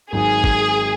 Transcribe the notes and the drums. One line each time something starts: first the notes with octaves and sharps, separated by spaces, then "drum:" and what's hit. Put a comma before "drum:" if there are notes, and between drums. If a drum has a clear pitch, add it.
G#1 G#2 F#3 D#4 G#4
drum: kick